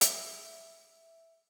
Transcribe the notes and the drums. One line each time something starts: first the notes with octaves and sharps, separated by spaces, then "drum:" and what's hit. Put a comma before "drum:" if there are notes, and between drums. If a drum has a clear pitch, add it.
E5, drum: hi-hat